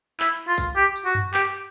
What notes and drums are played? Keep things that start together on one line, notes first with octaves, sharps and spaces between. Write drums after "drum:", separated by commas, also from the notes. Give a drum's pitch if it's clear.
E4, drum: clap
F4
drum: kick A#1, tambourine
G4
drum: tambourine
F#4
drum: tom F#2
G4, drum: clap